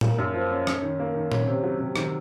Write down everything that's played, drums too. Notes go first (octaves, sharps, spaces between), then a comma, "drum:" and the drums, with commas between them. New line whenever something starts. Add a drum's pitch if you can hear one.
A#3, drum: tom
F#2
F3
C#4
C#4, drum: rim click
D#3
A#3
D#3
C#4, drum: tom
C3
F#3
C3
D#3, drum: rim click